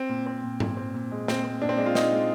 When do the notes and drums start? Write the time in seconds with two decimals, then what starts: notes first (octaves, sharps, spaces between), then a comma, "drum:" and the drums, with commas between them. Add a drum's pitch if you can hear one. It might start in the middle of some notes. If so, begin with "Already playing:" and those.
Already playing: C4
0.09 A#2
0.26 C4
0.43 A#2
0.60 A#2, drum: tom G#2
0.77 C4
0.94 A#2
1.11 G#3
1.28 A#2 C4, drum: snare
1.44 C4
1.62 A#2 D4
1.69 C4
1.77 G#3 D4
1.86 F4
1.95 G#3 D#4, drum: snare
2.12 G#3